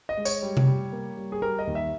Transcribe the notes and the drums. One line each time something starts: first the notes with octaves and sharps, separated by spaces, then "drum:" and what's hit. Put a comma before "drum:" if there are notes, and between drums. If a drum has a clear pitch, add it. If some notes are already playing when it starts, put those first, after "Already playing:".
D#5
G#3
C#5, drum: tambourine
G3
drum: tom C3
G3
A#3
G3
G#4
G3 A#4
D#5
D#2
E5